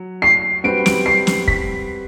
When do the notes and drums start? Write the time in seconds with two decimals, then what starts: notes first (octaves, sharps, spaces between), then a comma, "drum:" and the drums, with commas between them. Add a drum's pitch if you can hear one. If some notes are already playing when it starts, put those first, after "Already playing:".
Already playing: F#3
0.22 C7
0.64 G3 C4 F#4 B4 D7
0.86 D7, drum: snare
1.06 C7
1.27 drum: snare
1.48 B6, drum: kick